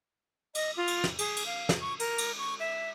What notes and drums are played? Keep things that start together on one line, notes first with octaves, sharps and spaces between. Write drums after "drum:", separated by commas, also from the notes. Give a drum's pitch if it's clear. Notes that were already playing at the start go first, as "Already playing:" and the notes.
D#5, drum: cymbal
F4
drum: cymbal
drum: snare
G#4, drum: cymbal
drum: cymbal
F5
drum: snare
C#6
A#4, drum: cymbal
drum: cymbal
C#6
E5